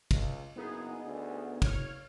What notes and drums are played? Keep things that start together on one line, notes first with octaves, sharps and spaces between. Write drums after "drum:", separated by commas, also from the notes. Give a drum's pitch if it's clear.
C#2, drum: kick, cymbal
F#1 B3 D#4 G#4
D2
F#1 C#5 F6, drum: kick, cymbal